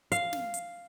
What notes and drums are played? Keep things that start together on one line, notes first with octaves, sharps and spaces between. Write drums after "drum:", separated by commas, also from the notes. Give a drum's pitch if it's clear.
F5, drum: hi-hat
drum: snare
drum: hi-hat